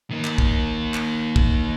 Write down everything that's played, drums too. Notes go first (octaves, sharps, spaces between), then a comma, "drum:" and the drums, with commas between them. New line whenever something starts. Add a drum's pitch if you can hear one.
D#3 A#3
drum: clap
drum: kick
drum: clap
drum: kick